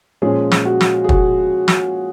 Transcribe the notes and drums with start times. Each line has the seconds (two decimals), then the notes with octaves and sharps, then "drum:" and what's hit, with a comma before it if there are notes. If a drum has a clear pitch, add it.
0.22 A#2 F3 G#3 C#4 G#4
0.51 drum: snare
0.65 F#4
0.81 drum: snare
1.04 G#4
1.09 F#4, drum: kick
1.68 drum: snare